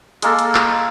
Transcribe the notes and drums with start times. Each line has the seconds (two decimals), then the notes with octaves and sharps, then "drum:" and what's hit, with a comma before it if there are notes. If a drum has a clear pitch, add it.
0.22 G#3 A#3 A4, drum: hi-hat
0.39 drum: hi-hat
0.55 drum: clap